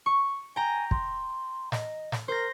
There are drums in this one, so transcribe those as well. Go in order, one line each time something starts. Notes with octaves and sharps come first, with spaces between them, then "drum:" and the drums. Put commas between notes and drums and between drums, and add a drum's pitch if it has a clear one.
C#6
G5 G#5 A#5
C6, drum: kick
D#5, drum: snare
drum: snare
A#4 C5 A#6